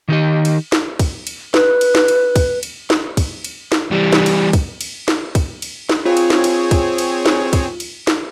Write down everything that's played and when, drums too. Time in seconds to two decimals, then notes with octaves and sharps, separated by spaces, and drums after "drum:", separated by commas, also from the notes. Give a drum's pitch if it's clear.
0.08 D#3 D#4 G4 D#5
0.45 drum: cymbal
0.72 drum: snare
0.99 drum: kick, cymbal
1.27 drum: cymbal
1.54 B4, drum: snare
1.81 drum: cymbal
1.95 drum: snare
2.08 drum: cymbal
2.36 drum: kick, cymbal
2.63 drum: cymbal
2.90 drum: snare
3.17 drum: kick, cymbal
3.44 drum: cymbal
3.72 drum: snare
3.91 E3 G3
4.13 drum: snare
4.26 drum: cymbal
4.53 drum: kick, cymbal
4.81 drum: cymbal
5.08 drum: snare
5.35 drum: kick, cymbal
5.62 drum: cymbal
5.89 drum: snare
6.05 C4 F4 G#4 C#5
6.17 drum: cymbal
6.30 drum: snare
6.44 drum: cymbal
6.71 drum: kick, cymbal
6.98 drum: cymbal
7.26 drum: snare
7.53 drum: kick, cymbal
7.80 drum: cymbal
8.07 drum: snare